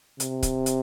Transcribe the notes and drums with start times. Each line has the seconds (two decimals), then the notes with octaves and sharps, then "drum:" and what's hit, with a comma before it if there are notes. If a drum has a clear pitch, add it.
0.20 C3, drum: hi-hat
0.43 drum: kick C#1, hi-hat
0.66 drum: hi-hat